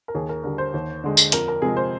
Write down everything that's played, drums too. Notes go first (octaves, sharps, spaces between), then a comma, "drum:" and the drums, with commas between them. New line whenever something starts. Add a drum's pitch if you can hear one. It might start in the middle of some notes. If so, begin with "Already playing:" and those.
A#4
D#2 G#4
A#4
D3 G3 A#4
C5
D#2
D3 G#3
drum: tambourine
F2 A#4, drum: hi-hat
A#4
C3 F3 G#3 G#4
C5